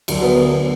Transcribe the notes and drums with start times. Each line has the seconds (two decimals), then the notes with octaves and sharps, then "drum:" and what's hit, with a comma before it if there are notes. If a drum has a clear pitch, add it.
0.08 D2 D3 F#3 A#4, drum: cymbal
0.22 B3 B4
0.35 A#4